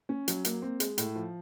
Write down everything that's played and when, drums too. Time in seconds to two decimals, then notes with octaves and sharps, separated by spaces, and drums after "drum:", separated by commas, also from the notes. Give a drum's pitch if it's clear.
0.09 C#4
0.28 F#3, drum: hi-hat
0.45 A#3, drum: hi-hat
0.62 C4
0.80 G#3, drum: hi-hat
0.98 A2, drum: hi-hat
1.15 F3